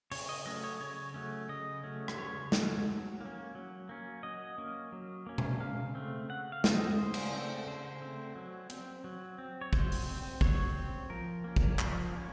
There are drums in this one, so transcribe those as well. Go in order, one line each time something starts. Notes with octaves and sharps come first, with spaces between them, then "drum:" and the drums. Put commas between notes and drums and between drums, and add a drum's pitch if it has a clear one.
C#3 C#5, drum: open hi-hat
D#5
F#3 A3 C#4 D#5
C#5
C#3 C#5
F#3 A3 C#4
C#3 D#5
F#3 A3 C#4
drum: rim click
C#3 C#5
F#3 A3 C#4, drum: snare
F#3
A#3 C#4
F#3
A#3 C#4
F#3 D#5
A#3 C#4
F#3
A#3 C#4
drum: tom B2
C#3 F5
A3 C4
C#3 F#5
F5
A3 C4, drum: snare
D#5
C#3 C5
drum: cymbal
A3 C4
C#3 C5
A3 C4
F#3
C4, drum: hi-hat
F#3
C4
C#5
F#3 C5, drum: kick
drum: open hi-hat
C4
F#3 C#5, drum: kick
C4
F3 A#4
A#3 C#4
drum: kick
F3, drum: clap
A#3 C#4